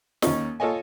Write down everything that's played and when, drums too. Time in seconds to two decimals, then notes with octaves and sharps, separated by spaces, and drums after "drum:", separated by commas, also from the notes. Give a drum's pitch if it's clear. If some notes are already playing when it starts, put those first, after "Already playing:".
0.22 D#2 C#4 D#4, drum: snare
0.60 F4 A4 C#5 D#5 G#5